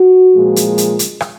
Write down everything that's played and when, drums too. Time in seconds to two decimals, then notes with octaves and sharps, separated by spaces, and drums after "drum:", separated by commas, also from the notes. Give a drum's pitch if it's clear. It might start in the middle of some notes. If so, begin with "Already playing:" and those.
Already playing: F#4
0.35 A#2 F3 G#3
0.56 drum: hi-hat
0.78 drum: hi-hat
0.99 drum: hi-hat
1.20 drum: rim click